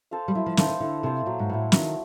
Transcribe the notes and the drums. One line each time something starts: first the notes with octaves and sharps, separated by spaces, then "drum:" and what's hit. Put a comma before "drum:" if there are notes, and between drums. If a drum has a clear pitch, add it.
A4 C5 F5
G3
F#3 E4
F3
D#3 A4 C5 F5, drum: snare
D#3
D3 E4
C3 A4 C5 F5
A#2 F#3
G#2
A2 B3 E4
D#3 F#3, drum: snare